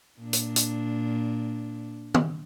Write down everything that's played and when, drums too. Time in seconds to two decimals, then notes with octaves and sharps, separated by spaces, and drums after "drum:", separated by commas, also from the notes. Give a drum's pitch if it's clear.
0.20 A#2 D4
0.33 drum: hi-hat
0.56 drum: hi-hat
2.14 drum: tom